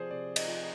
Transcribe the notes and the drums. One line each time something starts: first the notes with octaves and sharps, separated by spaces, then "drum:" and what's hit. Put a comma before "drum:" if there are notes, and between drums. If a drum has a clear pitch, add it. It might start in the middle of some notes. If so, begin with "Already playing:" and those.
Already playing: C3 F3 G#4 C5 D5
C3 D5
D#5, drum: cymbal
F3